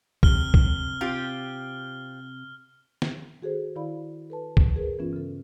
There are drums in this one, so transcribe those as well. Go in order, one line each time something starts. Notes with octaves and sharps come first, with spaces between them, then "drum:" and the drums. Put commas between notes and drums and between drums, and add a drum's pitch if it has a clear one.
C3 F6 G7, drum: kick
drum: kick
C4 F4 G4
drum: snare
D#3 F#4 G#4 A4 C5
D#3 E4 D5 F5 B5
A4 B4 A5
drum: kick
G#4 A#4 B4
G2 E3 B3 C#4 F4
C#3 A4